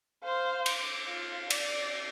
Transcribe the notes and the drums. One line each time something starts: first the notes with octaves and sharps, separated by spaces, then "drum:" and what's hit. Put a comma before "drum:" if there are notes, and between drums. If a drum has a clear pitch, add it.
C5 F5
D6, drum: cymbal
F4
D5, drum: cymbal